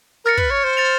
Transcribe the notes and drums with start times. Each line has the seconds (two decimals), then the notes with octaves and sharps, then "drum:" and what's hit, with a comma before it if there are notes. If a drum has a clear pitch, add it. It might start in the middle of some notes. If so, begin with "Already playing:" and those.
0.25 A#4 F6 A6 C#7
0.37 B4, drum: kick
0.50 C#5
0.64 C5
0.77 A6 C#7 F7